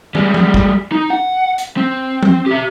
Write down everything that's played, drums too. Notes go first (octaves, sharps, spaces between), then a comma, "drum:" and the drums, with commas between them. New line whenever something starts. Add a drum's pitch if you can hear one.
G3 G#3, drum: tom
drum: tom
drum: kick
D#4
F#5
drum: hi-hat
C4
drum: tom
G4 E5